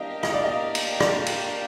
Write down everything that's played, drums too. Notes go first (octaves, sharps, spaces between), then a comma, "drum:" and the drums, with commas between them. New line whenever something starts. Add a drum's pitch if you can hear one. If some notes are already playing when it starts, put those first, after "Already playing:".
Already playing: A#3 D4 G4 A#4 D#5 F5
D#5, drum: rim click
D5
D#5
drum: cymbal
D5, drum: rim click
drum: cymbal